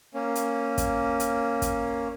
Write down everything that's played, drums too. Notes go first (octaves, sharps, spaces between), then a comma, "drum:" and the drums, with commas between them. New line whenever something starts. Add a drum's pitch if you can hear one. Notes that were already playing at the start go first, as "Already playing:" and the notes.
A#3 C#4
drum: hi-hat
drum: kick, hi-hat
drum: hi-hat
drum: kick, hi-hat